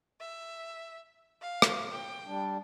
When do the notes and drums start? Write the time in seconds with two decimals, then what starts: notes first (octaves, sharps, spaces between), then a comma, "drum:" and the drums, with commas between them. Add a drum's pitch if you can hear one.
0.20 E5
1.42 F5
1.62 drum: rim click
1.92 G5
2.26 G3 D4